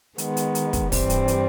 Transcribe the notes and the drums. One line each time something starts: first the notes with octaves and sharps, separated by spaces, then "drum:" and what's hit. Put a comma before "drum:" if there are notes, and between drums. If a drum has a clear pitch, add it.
D#3 G#3 B3, drum: hi-hat
drum: hi-hat
drum: hi-hat
drum: kick, hi-hat
G2 E3 G3 C4, drum: kick, open hi-hat
drum: hi-hat
drum: hi-hat